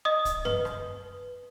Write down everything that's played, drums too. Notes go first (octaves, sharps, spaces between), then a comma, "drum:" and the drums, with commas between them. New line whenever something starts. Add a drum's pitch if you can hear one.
D#5 D#6
drum: kick, hi-hat
B4, drum: tom F#2
drum: rim click